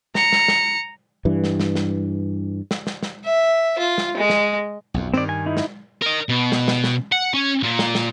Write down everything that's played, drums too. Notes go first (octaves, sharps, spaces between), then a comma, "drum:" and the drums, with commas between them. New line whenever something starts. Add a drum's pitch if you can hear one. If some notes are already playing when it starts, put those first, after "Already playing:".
A#5 C#7, drum: snare
drum: snare
drum: snare
G2 E3
drum: snare
drum: snare
drum: snare
drum: snare
drum: snare
drum: snare
E5
F4
drum: snare
G#3
drum: snare
B1 F2
G2 D#3 C4 D5
G#5
D#4 E4
drum: snare
A#4 D#5
B2
drum: snare
drum: snare
drum: snare
F#5
C#4
A#2 A#3
drum: snare
drum: snare